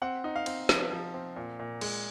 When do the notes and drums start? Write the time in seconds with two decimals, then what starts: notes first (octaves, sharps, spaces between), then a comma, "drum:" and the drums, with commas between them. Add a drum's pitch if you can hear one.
0.02 C4 F#5
0.24 D#4
0.36 F5
0.46 C4, drum: cymbal
0.69 F3, drum: snare
0.92 F3
1.14 C4
1.36 A#2
1.59 A#2
1.81 G#3, drum: cymbal